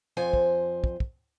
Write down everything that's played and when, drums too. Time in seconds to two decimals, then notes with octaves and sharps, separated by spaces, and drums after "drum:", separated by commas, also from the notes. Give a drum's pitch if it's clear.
0.17 F2 C5 G#5
0.33 drum: kick
0.84 drum: kick
1.00 drum: kick